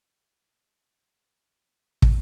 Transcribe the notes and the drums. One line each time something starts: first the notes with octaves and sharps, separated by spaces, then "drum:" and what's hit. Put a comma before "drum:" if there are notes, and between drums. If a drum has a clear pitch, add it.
E3 G#3 E5
C4
B4
drum: kick